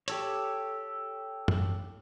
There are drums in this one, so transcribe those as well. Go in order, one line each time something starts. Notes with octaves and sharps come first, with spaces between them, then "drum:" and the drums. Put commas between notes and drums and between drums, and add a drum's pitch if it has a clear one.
G4 A4 C#5, drum: hi-hat
drum: tom F#2